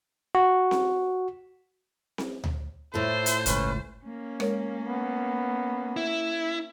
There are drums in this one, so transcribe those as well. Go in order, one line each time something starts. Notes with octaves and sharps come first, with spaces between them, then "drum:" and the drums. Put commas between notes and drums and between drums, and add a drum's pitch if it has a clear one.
F#4
drum: snare C4
drum: snare C4
drum: tom D2
A2 E4 F4 A4 C5
drum: hi-hat
G1 C#2 C#4 B4, drum: hi-hat
A#3 C#4
G#3 A#4 C#5, drum: rim click
B3
E4